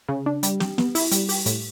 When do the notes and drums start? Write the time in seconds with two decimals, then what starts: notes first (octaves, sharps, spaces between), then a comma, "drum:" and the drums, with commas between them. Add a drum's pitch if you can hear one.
0.09 C#3
0.26 D4
0.43 G3, drum: hi-hat
0.60 G4, drum: snare
0.78 B3, drum: snare
0.95 E4, drum: open hi-hat
1.12 G3, drum: hi-hat
1.29 G4, drum: open hi-hat
1.46 A2, drum: hi-hat